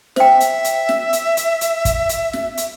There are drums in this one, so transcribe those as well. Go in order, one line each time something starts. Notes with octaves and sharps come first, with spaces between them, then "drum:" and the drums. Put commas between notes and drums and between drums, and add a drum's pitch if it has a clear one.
C5 E5 G5, drum: snare
drum: hi-hat
drum: hi-hat
drum: snare
drum: hi-hat
drum: hi-hat
drum: hi-hat
drum: kick, hi-hat
drum: hi-hat
drum: snare
drum: hi-hat